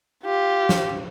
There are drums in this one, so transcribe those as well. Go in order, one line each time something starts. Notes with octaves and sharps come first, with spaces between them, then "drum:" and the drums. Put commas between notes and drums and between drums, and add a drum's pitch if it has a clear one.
F4 G4
drum: snare